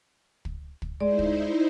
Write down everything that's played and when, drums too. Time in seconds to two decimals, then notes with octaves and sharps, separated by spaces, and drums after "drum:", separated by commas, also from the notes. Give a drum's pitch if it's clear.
0.45 drum: kick
0.82 drum: kick
1.00 G#3 D#4 E4 C5 D5
1.19 drum: kick